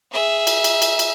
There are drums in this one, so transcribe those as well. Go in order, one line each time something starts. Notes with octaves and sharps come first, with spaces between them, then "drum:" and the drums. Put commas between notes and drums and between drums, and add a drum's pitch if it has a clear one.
G#4 E5
drum: cymbal
drum: cymbal
drum: cymbal
drum: cymbal